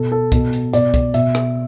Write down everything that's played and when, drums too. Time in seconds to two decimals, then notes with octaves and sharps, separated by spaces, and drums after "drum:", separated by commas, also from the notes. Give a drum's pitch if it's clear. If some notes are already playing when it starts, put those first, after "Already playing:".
Already playing: B2 A4
0.12 A4
0.32 B2 A4, drum: kick C2, hi-hat
0.53 drum: hi-hat
0.73 B2 D5, drum: hi-hat
0.94 drum: kick C2, hi-hat
1.14 B2 E5, drum: hi-hat
1.35 drum: rim click